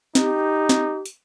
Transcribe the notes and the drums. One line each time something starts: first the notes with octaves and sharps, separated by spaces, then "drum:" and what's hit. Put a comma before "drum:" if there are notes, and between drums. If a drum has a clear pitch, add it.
D#4 G4, drum: snare
drum: snare
drum: hi-hat